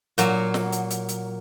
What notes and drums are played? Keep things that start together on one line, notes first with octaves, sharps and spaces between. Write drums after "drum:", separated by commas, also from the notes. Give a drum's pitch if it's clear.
A#2 F#3, drum: hi-hat
drum: snare
drum: hi-hat
drum: hi-hat
drum: hi-hat